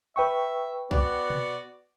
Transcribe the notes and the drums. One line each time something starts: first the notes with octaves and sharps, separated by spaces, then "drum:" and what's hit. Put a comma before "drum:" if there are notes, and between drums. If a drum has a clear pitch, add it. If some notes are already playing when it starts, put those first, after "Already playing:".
B4 E5 G5 C#6
B3 F#4 D5, drum: kick B1
drum: tom B2